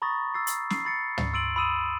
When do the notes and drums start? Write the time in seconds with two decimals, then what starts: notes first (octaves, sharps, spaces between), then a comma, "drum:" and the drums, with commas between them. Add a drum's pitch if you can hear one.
0.02 A#5 B5 C#6 D#6 A6 A#6
0.34 E6 A6 C7
0.47 drum: hi-hat
0.70 C7, drum: snare
0.85 B5 A6 C#7
1.18 drum: tom
1.33 C6 E6 A6 D7 D#7 F#7
1.56 B5 C6 D#6 E6 D#7 E7